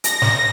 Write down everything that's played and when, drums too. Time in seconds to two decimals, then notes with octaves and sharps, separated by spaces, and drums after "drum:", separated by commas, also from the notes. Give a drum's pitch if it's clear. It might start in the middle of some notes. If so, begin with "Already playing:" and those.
0.04 A#6, drum: hi-hat
0.22 drum: snare